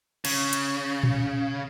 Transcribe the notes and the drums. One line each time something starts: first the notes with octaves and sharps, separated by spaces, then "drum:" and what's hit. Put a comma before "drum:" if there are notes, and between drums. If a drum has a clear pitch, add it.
C#3, drum: cymbal
drum: hi-hat
drum: tom A#2